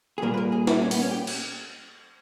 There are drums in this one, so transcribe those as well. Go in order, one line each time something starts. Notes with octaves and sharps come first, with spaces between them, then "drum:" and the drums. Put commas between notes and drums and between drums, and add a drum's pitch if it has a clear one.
G#4
A#2 G3 A#3 A#4
B4
A#4
G#4
E4, drum: snare
C#4
B3, drum: open hi-hat
C#4
G4
drum: cymbal